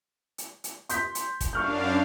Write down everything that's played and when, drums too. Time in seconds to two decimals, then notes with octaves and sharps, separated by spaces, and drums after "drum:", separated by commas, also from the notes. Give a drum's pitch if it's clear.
0.38 drum: hi-hat
0.64 drum: hi-hat
0.89 C6 G6 B6, drum: hi-hat
1.15 drum: hi-hat
1.41 drum: kick, hi-hat
1.53 F#2 D4 F5 C#6 F6 G6